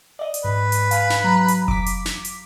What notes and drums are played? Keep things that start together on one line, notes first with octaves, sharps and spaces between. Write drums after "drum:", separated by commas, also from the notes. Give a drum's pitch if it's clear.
D5 D#5
drum: hi-hat
G#2 B4
drum: hi-hat
F5 G#5 B5, drum: hi-hat
drum: snare
F#3 A#5
drum: hi-hat
D6 B6, drum: kick F1
drum: hi-hat
drum: snare
drum: hi-hat